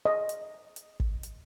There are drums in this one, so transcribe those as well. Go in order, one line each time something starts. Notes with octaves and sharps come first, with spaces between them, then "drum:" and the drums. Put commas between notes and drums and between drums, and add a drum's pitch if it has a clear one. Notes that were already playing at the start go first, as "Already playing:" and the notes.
D#5
drum: hi-hat
drum: hi-hat
drum: kick
drum: hi-hat